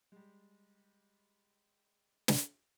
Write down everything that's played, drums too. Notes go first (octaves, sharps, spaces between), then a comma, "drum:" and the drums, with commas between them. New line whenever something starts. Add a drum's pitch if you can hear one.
G3 G#3
drum: snare